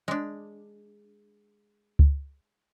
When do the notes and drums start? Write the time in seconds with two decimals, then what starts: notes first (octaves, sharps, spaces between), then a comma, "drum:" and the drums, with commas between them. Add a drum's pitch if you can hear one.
0.08 G#3 D4
1.99 drum: kick C#2